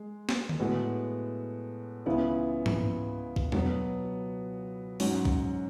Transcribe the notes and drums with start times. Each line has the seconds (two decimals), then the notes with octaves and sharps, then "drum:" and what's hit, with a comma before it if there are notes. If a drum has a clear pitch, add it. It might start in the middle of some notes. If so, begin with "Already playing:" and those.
Already playing: G#3
0.29 drum: snare
0.49 drum: tom D3
0.60 A2 G#3 B3 F#4
2.06 C#2 C#3 E3 B3 E4
2.66 drum: tom G#2
3.36 drum: kick
3.52 B2 F#3 B3, drum: tom E2
5.00 G#2 F#3 C#4 F#4, drum: open hi-hat
5.25 drum: kick